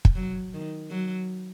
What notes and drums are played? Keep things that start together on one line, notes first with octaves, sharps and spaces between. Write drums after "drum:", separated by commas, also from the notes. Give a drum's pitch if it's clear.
drum: kick
F#3
D#3
F#3